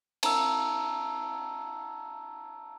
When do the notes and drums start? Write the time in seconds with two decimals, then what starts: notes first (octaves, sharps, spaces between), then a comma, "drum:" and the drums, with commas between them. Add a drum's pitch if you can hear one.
0.23 A5 A#5 E6, drum: cymbal